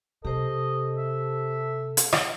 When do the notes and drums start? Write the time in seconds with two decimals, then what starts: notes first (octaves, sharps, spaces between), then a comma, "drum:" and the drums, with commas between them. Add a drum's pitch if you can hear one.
0.25 C3 G4 A4 C5 D#5
0.97 E5
1.97 drum: hi-hat
2.12 drum: rim click